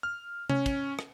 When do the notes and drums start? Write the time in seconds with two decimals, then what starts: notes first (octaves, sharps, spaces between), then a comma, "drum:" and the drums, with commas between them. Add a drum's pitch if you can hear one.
0.03 F6
0.49 C#4, drum: tom C3
0.66 drum: kick, cymbal
0.99 drum: rim click